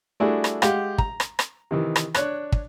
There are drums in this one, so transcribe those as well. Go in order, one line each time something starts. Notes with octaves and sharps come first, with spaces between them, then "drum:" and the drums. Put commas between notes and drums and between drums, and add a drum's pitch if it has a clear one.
G3 A3 D4 E4 F#4 G#4
drum: rim click
G#3 G4 F5 F#5, drum: rim click
A#5, drum: kick
drum: rim click
drum: rim click
C3 D#3 E3
drum: rim click
D4 C#5 F#6, drum: rim click
drum: kick